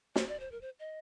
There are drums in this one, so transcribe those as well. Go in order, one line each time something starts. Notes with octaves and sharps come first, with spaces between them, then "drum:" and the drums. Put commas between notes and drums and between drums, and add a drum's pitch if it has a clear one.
C5, drum: snare
D5
C5
A#4
C5
D#5